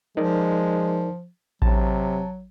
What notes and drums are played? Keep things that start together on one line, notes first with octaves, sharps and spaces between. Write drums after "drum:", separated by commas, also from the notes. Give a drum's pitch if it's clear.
F3 G#3 D#4 A#4 D5
C3 F#3 A5, drum: kick A1